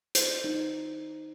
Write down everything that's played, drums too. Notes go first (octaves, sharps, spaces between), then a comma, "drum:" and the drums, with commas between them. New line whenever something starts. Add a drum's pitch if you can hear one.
C5, drum: hi-hat
D#4